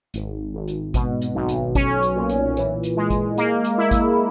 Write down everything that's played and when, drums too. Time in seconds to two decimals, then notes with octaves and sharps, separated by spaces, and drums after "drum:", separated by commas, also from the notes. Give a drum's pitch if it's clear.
0.14 G#1, drum: hi-hat
0.54 G#1
0.68 drum: hi-hat
0.94 B2, drum: kick G#1, hi-hat
1.22 drum: hi-hat
1.35 B1
1.49 drum: hi-hat
1.75 C#4, drum: kick G#1, hi-hat
2.03 drum: hi-hat
2.16 A#2
2.30 drum: hi-hat
2.57 E3, drum: hi-hat
2.83 drum: hi-hat
2.97 G#3
3.10 drum: kick G#1, hi-hat
3.38 A#3, drum: hi-hat
3.64 drum: hi-hat
3.78 E4
3.91 drum: kick G#1, hi-hat